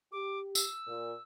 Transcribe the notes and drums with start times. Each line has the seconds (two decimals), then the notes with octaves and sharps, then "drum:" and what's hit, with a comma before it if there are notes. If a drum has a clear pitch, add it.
0.12 G4 D6
0.55 E6, drum: tambourine
0.87 A#2